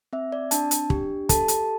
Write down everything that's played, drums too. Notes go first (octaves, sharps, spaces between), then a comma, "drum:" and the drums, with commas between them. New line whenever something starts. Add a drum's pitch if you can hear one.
C4 E5
D5
D4 A5, drum: hi-hat
drum: hi-hat
G4, drum: kick
A4 A5, drum: kick, hi-hat
drum: hi-hat